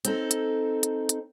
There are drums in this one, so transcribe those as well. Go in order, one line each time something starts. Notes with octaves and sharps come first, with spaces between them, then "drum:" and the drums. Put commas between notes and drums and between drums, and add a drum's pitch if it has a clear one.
C4 D#4 A4, drum: hi-hat
drum: hi-hat
drum: hi-hat
drum: hi-hat